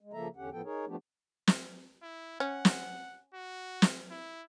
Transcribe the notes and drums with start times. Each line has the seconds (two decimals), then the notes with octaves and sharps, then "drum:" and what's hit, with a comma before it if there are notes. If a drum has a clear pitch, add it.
0.01 G#3
0.13 C#3 F3 A#3 A4 E5 A#5
0.36 E2 D3 C#4 G4 F#5
0.52 A2 F3 B3 A4 G5
0.64 D#4 G#4 A#4 C#5
0.87 F3 A3 B3 D4 G4
1.47 drum: snare
2.02 E4
2.40 C#4 F#5
2.65 drum: snare
3.34 F#4
3.82 drum: snare
4.10 E4